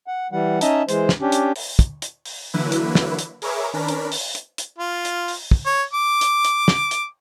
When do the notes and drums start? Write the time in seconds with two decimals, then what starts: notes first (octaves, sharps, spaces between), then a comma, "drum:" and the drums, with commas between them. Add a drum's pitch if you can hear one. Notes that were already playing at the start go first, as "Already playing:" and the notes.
0.07 F#5
0.32 E3 G3 F#5
0.61 C#4 D#4 D#5 E5 A5 A#5, drum: hi-hat
0.89 E3 G#3 C5, drum: hi-hat
1.09 drum: snare
1.21 C#4 D4 G4
1.32 drum: hi-hat
1.56 drum: open hi-hat
1.79 drum: kick, hi-hat
2.02 drum: hi-hat
2.25 drum: open hi-hat
2.54 D3 E3 F#3 A#3 E4 B4
2.72 drum: hi-hat
2.95 drum: snare
3.19 drum: hi-hat
3.42 G#4 A#4 B4 C#5 E5 D6, drum: open hi-hat
3.73 D#3 C#4 D4 A#4 B4 B6
3.88 drum: hi-hat
4.12 drum: open hi-hat
4.35 drum: hi-hat
4.58 drum: hi-hat
4.78 F4
5.05 drum: hi-hat
5.28 drum: open hi-hat
5.51 drum: kick
5.66 C#5
5.93 D6
6.21 drum: hi-hat
6.45 drum: hi-hat
6.68 drum: snare
6.91 drum: hi-hat